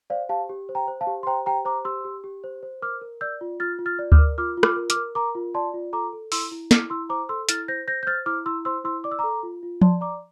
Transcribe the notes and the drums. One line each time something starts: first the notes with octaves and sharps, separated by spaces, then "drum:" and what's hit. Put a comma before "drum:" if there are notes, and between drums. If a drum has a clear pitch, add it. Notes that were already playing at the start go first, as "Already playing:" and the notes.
C5 D5 F5
G4 F5 A5
G4
C5
G5 A#5
C5
F5 A5
G4
C6
C5 G5 A#5
G4 G5 A#5
C5 A#5 D6
G4 C6 E6
G4
G4
C5
C5
A#4 D6 F6
A#4
D5 E6 G6
F4
F4 F6 A6
F4
F6 A6
D5
D6 F6, drum: kick D2
A#4
F4 D6 F6
F4
D6 F6, drum: rim click
A#4
D6 F6, drum: hi-hat
A#4
A#4 A#5 D6
F4
D5 A5 C6
F4
A4 A#5 D6
A4
E4 C6 E6, drum: open hi-hat
E4
E4 D6 F6, drum: snare
E4 C6 E6
C5 A#5 D6
A4 C6 E6
E4 F6 A6, drum: hi-hat
C5 G6 A#6
C5 G6 A#6
G6
C5 F6 A6
E4 D6 F6
E4 C6 E6
C5 C6 E6
E4 C6 E6
D5 D6
E6
A4 A#5 D6
F4
F4
D5 A5 C6, drum: tom F3
D5 A#5 D6